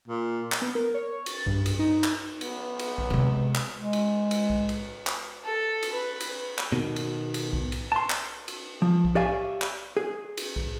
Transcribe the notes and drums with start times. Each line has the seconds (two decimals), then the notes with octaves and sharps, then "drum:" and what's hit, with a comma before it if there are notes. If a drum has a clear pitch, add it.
0.08 A#2
0.52 drum: clap
0.62 B3
0.75 A#4
0.94 C#5
1.26 A6, drum: cymbal
1.46 G2, drum: kick B1
1.66 drum: cymbal
1.79 D#4
2.04 drum: clap
2.41 B3, drum: cymbal
2.79 drum: cymbal
2.98 drum: kick B1
3.10 C3 G#3
3.55 drum: clap
3.78 G#3
3.93 drum: cymbal
4.31 drum: cymbal
4.50 drum: kick B1
4.69 drum: cymbal
5.07 drum: clap
5.45 A4
5.83 drum: cymbal
5.93 B4
6.20 drum: cymbal
6.58 drum: clap
6.72 B2 D#3
6.96 drum: cymbal
7.34 drum: cymbal
7.53 drum: kick B1
7.72 drum: cymbal
7.92 A5 C6
8.10 drum: clap
8.48 drum: cymbal
8.82 F3
9.05 drum: kick B1
9.15 G4 C#5 D5 E5 F5 G#5
9.62 drum: clap
9.97 G#4
10.37 drum: cymbal
10.56 drum: kick B1